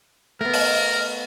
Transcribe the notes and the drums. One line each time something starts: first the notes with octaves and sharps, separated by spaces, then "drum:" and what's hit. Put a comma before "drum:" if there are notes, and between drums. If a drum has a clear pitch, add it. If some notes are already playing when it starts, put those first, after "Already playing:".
A3 B3 A#4
drum: open hi-hat